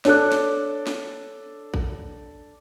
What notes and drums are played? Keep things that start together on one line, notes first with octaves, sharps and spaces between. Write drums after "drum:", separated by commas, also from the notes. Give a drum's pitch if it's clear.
D4 A4 C#5 D6 F#6, drum: snare
drum: snare
drum: snare
drum: kick A1